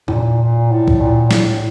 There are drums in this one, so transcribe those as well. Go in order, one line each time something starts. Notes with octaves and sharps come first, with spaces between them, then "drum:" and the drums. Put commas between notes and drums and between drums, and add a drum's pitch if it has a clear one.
A2, drum: tom E2
A#2
A#2
A2
drum: kick
A#2
A2, drum: snare